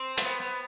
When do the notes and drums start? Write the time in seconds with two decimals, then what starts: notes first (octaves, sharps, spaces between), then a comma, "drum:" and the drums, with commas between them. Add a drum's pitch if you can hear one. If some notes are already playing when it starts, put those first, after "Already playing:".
Already playing: C4
0.18 A3, drum: hi-hat
0.22 B3
0.40 B3